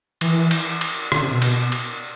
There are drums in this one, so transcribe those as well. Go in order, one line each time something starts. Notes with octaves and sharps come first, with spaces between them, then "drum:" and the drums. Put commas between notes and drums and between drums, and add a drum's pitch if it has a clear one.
E3, drum: cymbal
drum: cymbal
drum: cymbal
D3, drum: rim click
C3
B2
drum: cymbal
drum: cymbal